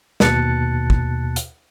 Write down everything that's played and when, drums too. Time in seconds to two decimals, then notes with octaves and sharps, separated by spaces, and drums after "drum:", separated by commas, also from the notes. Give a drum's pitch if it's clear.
0.20 D#2 B2 A5 F#6 A6 C#7, drum: snare
0.90 drum: kick
1.36 drum: hi-hat